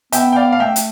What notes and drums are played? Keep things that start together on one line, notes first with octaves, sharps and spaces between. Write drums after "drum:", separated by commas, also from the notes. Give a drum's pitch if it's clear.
B3 E5 G5, drum: hi-hat
G5
D5 F5
F5
A3 E5 G5
drum: hi-hat